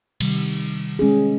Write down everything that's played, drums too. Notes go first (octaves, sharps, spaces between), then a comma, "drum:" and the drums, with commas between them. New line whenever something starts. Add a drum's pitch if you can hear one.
C3 D#3 G3, drum: cymbal
G#3 C#4 G#4